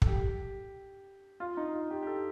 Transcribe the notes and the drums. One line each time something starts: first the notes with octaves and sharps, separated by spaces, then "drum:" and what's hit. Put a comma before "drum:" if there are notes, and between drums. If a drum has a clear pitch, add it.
A4, drum: kick
G4
F4
D#4
F4
G4
G4
A4